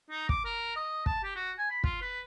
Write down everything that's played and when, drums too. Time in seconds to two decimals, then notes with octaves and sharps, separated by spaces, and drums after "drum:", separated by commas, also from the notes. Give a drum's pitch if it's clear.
0.10 D#4
0.29 D6, drum: kick
0.45 A#4
0.76 D#5
1.06 A5, drum: kick
1.23 G4
1.36 F#4
1.58 G#5
1.70 B5
1.84 F4, drum: kick
2.01 B4